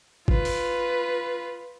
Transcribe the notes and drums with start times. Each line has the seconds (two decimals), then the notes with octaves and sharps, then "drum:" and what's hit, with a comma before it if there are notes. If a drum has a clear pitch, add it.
0.28 F4 B4, drum: kick
0.45 drum: open hi-hat